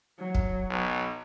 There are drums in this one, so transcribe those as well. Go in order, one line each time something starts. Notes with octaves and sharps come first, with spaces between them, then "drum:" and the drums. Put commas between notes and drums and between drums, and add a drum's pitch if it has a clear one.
F#3
drum: kick
B1